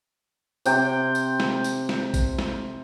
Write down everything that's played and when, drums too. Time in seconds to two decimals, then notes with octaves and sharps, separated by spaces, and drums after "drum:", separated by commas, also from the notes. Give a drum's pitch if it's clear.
0.66 C3 G5, drum: tambourine
1.15 drum: tambourine
1.40 drum: snare
1.64 drum: tambourine
1.89 drum: snare
2.14 drum: kick A1, tambourine
2.39 drum: snare